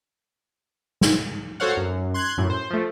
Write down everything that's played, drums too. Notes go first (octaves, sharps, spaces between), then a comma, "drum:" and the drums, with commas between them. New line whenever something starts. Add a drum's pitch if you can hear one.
drum: snare
F#4 A4 C5 C#5 F5 F#5
F#2
C6 F#6 G#6
F#2 A2
C5
F3 A3